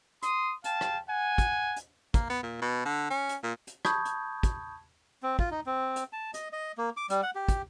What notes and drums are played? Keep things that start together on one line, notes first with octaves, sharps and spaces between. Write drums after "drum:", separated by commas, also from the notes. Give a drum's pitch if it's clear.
C6 D#6, drum: hi-hat
F5 G5 A5, drum: hi-hat
drum: rim click
F#5 G#5
drum: kick, hi-hat
drum: hi-hat
A#3, drum: kick, hi-hat
B3
A#2
B2
D3
C#4
drum: hi-hat
A#2
drum: hi-hat
A5 B5 C#6 D#6 G6 G#6, drum: rim click
drum: hi-hat
drum: kick, hi-hat
C4
F4, drum: kick
D#4
C4
drum: hi-hat
A5
D#5, drum: hi-hat
D#5
A#3
D6
G3, drum: hi-hat
F#5
G4
drum: kick, hi-hat